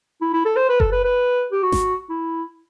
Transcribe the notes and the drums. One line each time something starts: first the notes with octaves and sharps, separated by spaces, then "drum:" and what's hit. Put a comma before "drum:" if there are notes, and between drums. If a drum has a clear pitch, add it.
E4
E4
A4
C5
B4
A4, drum: kick F#1
B4
B4
G4
F#4
drum: snare G#1
E4